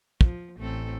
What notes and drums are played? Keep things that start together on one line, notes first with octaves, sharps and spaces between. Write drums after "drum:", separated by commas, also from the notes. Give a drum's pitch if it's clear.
F3, drum: kick
A1 A3 C4 A4